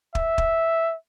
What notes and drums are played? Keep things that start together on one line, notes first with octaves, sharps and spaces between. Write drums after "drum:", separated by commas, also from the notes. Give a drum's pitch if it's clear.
E5, drum: kick
drum: kick